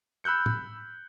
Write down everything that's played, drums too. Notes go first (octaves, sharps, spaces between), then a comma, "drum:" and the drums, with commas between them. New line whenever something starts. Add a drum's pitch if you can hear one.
B5 E6 F#6 G6 C#7
drum: tom